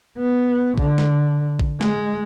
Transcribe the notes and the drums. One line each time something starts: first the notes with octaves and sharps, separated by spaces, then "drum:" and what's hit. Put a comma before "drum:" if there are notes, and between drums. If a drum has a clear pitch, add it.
B3
D3, drum: kick
drum: snare
drum: kick
G#3, drum: snare